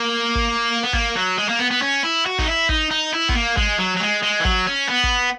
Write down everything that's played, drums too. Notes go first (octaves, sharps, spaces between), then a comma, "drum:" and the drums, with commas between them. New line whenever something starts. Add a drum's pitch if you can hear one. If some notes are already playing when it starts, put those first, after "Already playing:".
Already playing: A#3
drum: kick
B3
A#3, drum: kick
F#3
G#3
A#3
B3
B3
C#4
E4
F#4
D#4, drum: kick
E4
D#4, drum: kick
D#4
E4
B3, drum: kick
A#3
G#3, drum: kick
F#3
F#3
G#3
G#3
E3
F#3, drum: kick
C#4
B3
drum: kick